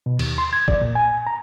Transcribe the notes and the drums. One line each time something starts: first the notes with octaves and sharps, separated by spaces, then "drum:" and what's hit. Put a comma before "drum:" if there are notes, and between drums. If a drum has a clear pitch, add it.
B2
D#2, drum: cymbal
C6
G#6
D5, drum: kick
A#2
G#5
A#5